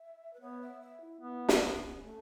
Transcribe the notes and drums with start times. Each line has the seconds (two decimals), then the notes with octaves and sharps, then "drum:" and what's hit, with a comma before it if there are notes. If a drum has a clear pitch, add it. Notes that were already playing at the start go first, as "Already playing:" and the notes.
Already playing: E5
0.33 B4
0.41 B3 C#5
0.61 E5
0.81 E5
1.01 E4
1.21 B3 E4
1.49 drum: snare
1.62 E4
1.67 C#4
2.03 A3